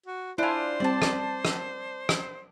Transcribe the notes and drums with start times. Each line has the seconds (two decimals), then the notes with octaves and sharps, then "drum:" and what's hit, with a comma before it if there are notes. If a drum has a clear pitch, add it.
0.06 F#4
0.38 D4 E4 F4 C5 G#5
0.80 G3 C4 D5 A5
1.02 drum: rim click
1.45 drum: rim click
2.09 drum: rim click